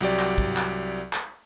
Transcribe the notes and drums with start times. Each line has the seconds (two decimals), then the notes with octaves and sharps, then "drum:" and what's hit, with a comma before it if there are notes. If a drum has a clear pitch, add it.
0.01 C2 F#3 G4 D5
0.19 drum: clap
0.38 drum: kick
0.57 drum: clap
1.13 drum: clap